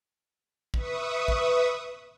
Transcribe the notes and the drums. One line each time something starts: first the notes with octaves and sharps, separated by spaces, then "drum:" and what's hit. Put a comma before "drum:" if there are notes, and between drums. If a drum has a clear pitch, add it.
B4 E5 C#6 D#6, drum: kick
drum: kick